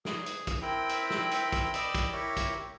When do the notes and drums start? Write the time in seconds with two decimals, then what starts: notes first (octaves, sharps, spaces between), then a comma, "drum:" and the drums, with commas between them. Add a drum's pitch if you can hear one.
0.05 G#4, drum: snare
0.26 drum: hi-hat
0.47 drum: kick, hi-hat
0.62 C4 E4 A#4 G5 B5
0.89 drum: hi-hat
1.10 drum: snare
1.31 drum: hi-hat
1.52 drum: kick, hi-hat
1.74 D5 D#5 G5 B5 D6 E6, drum: hi-hat
1.95 drum: kick, hi-hat
2.12 E4 G4 A#4 C#5
2.37 drum: kick, hi-hat